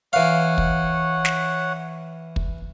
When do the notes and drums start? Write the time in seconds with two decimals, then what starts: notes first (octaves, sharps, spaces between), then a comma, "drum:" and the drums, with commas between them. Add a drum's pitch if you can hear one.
0.13 E3 C#5 F5 F#5
0.58 drum: kick
1.25 drum: snare
2.36 drum: kick